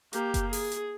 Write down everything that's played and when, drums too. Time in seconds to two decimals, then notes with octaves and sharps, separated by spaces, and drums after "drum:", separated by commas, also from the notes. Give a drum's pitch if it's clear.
0.13 A#3 G4, drum: hi-hat
0.34 drum: kick F#1, hi-hat
0.53 G#4, drum: open hi-hat
0.72 drum: hi-hat